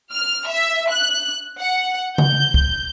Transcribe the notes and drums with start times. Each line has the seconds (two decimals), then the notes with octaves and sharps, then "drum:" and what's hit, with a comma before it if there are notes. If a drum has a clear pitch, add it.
0.13 F6
0.49 E5
0.90 F#6
1.59 F#5
2.18 G6, drum: tom C#3
2.54 drum: kick